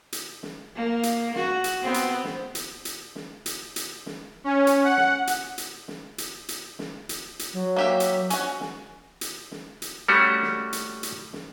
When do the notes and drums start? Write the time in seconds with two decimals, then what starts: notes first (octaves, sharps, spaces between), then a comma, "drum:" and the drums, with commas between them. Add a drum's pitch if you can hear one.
0.12 drum: hi-hat
0.43 drum: snare
0.76 A#3
1.03 drum: hi-hat
1.35 F#4, drum: snare
1.64 drum: hi-hat
1.82 B3 C4
1.94 drum: hi-hat
2.25 drum: snare
2.55 drum: hi-hat
2.85 drum: hi-hat
3.15 drum: snare
3.46 drum: hi-hat
3.76 drum: hi-hat
4.06 drum: snare
4.44 C#4
4.67 drum: hi-hat
4.84 F#5
4.97 drum: snare
5.27 drum: hi-hat
5.58 drum: hi-hat
5.88 drum: snare
6.18 drum: hi-hat
6.49 drum: hi-hat
6.79 drum: snare
7.09 drum: hi-hat
7.39 drum: hi-hat
7.53 F#3
7.76 A#3 G4 E5
8.00 drum: hi-hat
8.30 C#4 F#4, drum: hi-hat
8.61 drum: snare
9.21 drum: hi-hat
9.51 drum: snare
9.82 drum: hi-hat
10.08 G3 A3 C#4 F#4
10.42 drum: snare
10.73 drum: hi-hat
11.03 drum: hi-hat
11.33 drum: snare